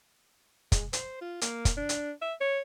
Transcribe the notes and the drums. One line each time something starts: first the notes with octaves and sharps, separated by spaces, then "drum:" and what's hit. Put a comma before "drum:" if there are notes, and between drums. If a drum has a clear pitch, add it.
G#3, drum: kick, hi-hat
C5, drum: hi-hat
F4
A#3, drum: hi-hat
drum: kick, hi-hat
D4
drum: hi-hat
E5
C#5